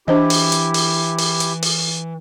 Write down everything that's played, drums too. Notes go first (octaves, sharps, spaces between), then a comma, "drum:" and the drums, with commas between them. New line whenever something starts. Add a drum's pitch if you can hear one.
E3 D4 E4 G4 C5 D#5
drum: open hi-hat
drum: hi-hat
drum: open hi-hat
drum: open hi-hat
drum: hi-hat
drum: open hi-hat